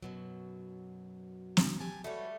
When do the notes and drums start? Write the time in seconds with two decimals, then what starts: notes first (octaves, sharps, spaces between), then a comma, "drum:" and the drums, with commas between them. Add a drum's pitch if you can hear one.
0.03 F#2 B2 F#3
1.57 drum: snare
1.80 G4 G#5 A5
2.04 G3 A3 F#4 B4 C#5